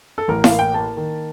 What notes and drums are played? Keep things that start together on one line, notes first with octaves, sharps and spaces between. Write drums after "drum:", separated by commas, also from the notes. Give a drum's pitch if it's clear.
A4
A1 A#4
F5, drum: snare E4
A#3
G5
A#3 A5
D#3